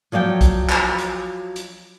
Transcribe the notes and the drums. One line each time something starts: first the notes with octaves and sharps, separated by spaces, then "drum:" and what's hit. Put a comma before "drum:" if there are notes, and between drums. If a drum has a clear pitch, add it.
F3 F#3 D5 F#5 G5
drum: kick, hi-hat
drum: clap
drum: hi-hat
drum: hi-hat